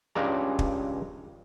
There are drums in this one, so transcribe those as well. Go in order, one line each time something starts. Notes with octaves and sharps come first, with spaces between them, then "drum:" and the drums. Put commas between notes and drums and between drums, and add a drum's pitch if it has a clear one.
C#2 G2 C#3 G#3 D5 A#5
drum: kick